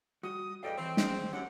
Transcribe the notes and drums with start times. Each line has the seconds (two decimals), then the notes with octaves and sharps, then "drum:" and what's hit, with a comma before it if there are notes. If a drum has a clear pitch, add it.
0.23 G3 F#4 D#6
0.63 E2 A2 G3 D#5 F5 G5
0.77 E3 C4 C#5
0.97 C4 C#4 G#4 E5, drum: snare
1.18 D#2 G#2
1.33 F#2 C#4 G4 F#5